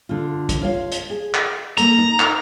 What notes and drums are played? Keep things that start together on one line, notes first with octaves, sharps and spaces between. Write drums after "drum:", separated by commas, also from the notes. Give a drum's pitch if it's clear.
D3 F4
drum: kick, hi-hat
F4 C#5 F5
drum: hi-hat
G#4
drum: clap
A#3 A4 A#5, drum: hi-hat
D#4
drum: clap